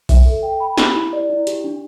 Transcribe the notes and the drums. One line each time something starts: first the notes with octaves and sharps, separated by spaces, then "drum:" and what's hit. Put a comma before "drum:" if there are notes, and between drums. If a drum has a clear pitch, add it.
E5, drum: kick B1, open hi-hat
A4
G5
B5
G4, drum: snare
E4
D5
E4
G4, drum: hi-hat
D4